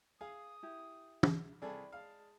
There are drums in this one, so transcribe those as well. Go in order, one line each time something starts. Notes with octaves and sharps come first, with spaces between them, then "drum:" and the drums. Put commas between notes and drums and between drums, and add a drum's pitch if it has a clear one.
G#4 F5 D#6
E4 G4
drum: tom
C2 E4 G#4 A4 D5
G#3 F5 A5